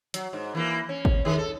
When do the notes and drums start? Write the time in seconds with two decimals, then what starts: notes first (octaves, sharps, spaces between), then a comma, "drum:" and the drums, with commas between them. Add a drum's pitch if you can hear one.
0.14 F#3, drum: hi-hat
0.33 G#2
0.55 E3 A#3
0.89 C#4
1.05 drum: kick G#1
1.25 D#3 G#4
1.38 A4